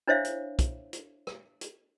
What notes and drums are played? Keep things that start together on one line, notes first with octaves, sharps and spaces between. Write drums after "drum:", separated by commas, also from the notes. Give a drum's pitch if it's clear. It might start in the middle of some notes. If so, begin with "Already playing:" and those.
D4 E4 C5 C#5 E5 F5
drum: hi-hat
drum: kick, hi-hat
drum: hi-hat
drum: rim click
drum: hi-hat